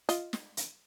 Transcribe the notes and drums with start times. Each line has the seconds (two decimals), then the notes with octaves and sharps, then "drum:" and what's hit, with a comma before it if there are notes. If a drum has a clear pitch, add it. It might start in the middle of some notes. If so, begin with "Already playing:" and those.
0.09 F4 D#5, drum: hi-hat
0.33 drum: snare
0.57 drum: hi-hat